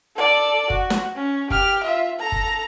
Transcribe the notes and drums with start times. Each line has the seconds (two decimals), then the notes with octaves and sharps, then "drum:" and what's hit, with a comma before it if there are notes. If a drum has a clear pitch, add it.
0.16 A4 D5
0.70 F#4, drum: kick
0.90 drum: snare
1.15 C#4
1.50 G4 F6, drum: kick
1.84 F4 E5
2.19 A4 A#5
2.32 drum: kick